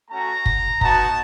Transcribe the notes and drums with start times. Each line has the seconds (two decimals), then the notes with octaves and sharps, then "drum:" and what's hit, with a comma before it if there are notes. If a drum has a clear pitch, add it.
0.10 A3 C#4 F#4 A#5
0.46 drum: kick
0.81 B3 D#4 F#4 A5, drum: kick